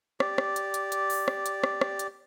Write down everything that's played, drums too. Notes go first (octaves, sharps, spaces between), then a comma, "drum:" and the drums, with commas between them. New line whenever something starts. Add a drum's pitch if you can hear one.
G4 D5, drum: rim click
drum: rim click
drum: hi-hat
drum: hi-hat
drum: hi-hat
drum: open hi-hat
drum: rim click
drum: hi-hat
drum: rim click
drum: rim click
drum: hi-hat